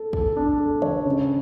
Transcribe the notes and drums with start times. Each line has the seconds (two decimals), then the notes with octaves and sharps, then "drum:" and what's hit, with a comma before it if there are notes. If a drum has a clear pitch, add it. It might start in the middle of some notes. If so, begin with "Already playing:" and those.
Already playing: A4
0.13 A4, drum: kick
0.37 D4
0.60 A4
0.82 C#5, drum: tom
1.05 C#3